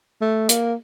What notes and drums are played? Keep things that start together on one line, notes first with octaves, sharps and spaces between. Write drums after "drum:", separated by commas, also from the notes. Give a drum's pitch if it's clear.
A3
A#3, drum: hi-hat